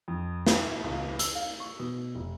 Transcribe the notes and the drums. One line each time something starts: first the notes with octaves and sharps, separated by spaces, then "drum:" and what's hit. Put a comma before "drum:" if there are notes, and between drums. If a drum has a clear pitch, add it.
F2
E5, drum: snare
C#2
E6, drum: hi-hat
F5
C#6
B2
F1